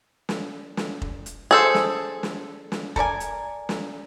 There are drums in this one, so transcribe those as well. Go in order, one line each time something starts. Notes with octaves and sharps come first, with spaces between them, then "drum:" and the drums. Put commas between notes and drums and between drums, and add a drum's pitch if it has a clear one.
drum: snare
drum: snare
drum: kick F1
drum: hi-hat
G#4 A4 C5
drum: snare
drum: snare
drum: snare
A4 A#4 D5 G#5, drum: kick F1
drum: hi-hat
drum: snare